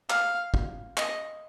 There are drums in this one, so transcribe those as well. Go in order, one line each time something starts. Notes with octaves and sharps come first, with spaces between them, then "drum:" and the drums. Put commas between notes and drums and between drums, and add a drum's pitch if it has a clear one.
F5, drum: clap
drum: kick G1
D#5, drum: clap